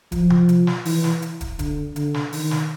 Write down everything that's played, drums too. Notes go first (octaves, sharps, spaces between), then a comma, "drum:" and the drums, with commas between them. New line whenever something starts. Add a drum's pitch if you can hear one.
F3, drum: kick, hi-hat
drum: tom C3
drum: hi-hat
drum: snare
E3, drum: open hi-hat
drum: snare
drum: hi-hat
drum: kick, hi-hat
D3, drum: kick, hi-hat
D3, drum: hi-hat
drum: snare
D#3, drum: open hi-hat
drum: snare